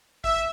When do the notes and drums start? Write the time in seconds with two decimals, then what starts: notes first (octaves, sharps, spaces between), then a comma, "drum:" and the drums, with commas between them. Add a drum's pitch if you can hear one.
0.24 E5, drum: kick